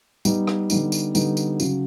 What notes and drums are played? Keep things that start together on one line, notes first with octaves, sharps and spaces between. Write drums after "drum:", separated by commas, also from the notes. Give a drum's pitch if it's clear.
G3 B3 D#4, drum: tambourine
drum: rim click
D3 G3 B3 D#4, drum: tambourine
drum: tambourine
D3 G3 B3 D#4, drum: tambourine
drum: tambourine
C#3 F#3, drum: tambourine